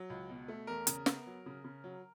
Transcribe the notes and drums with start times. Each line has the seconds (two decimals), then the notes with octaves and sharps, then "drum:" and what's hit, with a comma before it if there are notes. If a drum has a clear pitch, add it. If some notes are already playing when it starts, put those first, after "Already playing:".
Already playing: F#3
0.10 C#2
0.29 B2
0.48 A3
0.67 E2 A#4
0.87 C#3, drum: hi-hat
1.06 B3, drum: snare
1.27 F#3
1.46 C#3
1.64 C#3
1.84 F#3